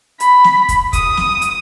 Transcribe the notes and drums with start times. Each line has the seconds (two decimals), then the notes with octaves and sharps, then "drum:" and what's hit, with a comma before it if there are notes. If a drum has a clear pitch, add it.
0.20 B5, drum: hi-hat
0.44 drum: snare
0.69 drum: kick, hi-hat
0.93 D#6, drum: kick, hi-hat
1.17 drum: snare
1.42 drum: hi-hat